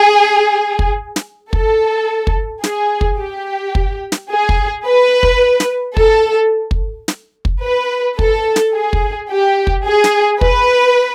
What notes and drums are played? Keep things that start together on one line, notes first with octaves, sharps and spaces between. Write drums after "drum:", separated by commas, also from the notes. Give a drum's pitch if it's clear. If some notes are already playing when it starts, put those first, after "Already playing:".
Already playing: G#4
drum: kick
drum: snare
A4, drum: kick
drum: kick
G#4, drum: snare
drum: kick
G4
drum: kick
drum: snare
G#4
drum: kick
B4
drum: kick
drum: snare
A4, drum: kick
drum: kick
drum: snare
drum: kick
B4
A4, drum: kick
drum: snare
G#4
drum: kick
G4
drum: kick
G#4
drum: snare
B4, drum: kick